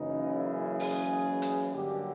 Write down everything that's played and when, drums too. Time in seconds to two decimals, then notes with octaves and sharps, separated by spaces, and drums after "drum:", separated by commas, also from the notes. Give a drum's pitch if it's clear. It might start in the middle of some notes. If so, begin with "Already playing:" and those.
Already playing: F#1 F#2 C#3 E3 G#3 D#4
0.33 E4
0.80 G#4, drum: open hi-hat
1.42 drum: hi-hat
1.73 G2 D3 F#3 A#3 G4